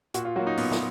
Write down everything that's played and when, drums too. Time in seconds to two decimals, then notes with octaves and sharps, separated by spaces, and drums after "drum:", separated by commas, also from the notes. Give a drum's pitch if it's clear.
0.14 A#2 F#4, drum: hi-hat
0.25 F4
0.36 F#3 A#3 F#4
0.47 D#4
0.57 A#2 B3, drum: open hi-hat
0.71 drum: snare